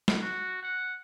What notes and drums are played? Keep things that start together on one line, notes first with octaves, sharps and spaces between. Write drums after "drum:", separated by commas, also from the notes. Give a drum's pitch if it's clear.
drum: snare
F#4
F#5